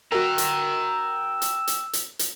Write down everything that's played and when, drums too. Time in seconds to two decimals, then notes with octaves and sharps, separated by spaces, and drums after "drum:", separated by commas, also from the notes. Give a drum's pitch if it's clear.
0.12 F#4 A#4 G5 A#5 E6
0.38 drum: hi-hat
1.42 drum: hi-hat
1.68 drum: hi-hat
1.93 drum: hi-hat
2.19 drum: hi-hat